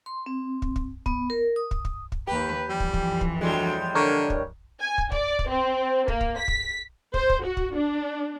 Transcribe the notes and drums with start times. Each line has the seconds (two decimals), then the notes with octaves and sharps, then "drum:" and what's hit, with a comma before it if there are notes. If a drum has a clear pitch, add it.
0.06 C6
0.26 C4
0.62 drum: kick
0.76 drum: kick
1.06 B3, drum: kick
1.30 A#4
1.56 D#6
1.71 drum: kick
1.85 drum: kick
2.12 drum: kick
2.27 D#2 G4 B4
2.69 F2 E3 G3
2.80 drum: kick
2.94 drum: kick
3.21 drum: kick
3.41 D2 A2 G3 G#3
3.95 D3 D4 A#4 C#5
4.30 drum: kick
4.80 G#5
4.98 drum: kick
5.12 D5, drum: kick
5.39 drum: kick
5.49 C4
6.08 A#3, drum: kick
6.21 drum: kick
6.39 B6
6.48 drum: kick
7.14 C5, drum: kick
7.30 drum: kick
7.44 F#4
7.57 drum: kick
7.75 D4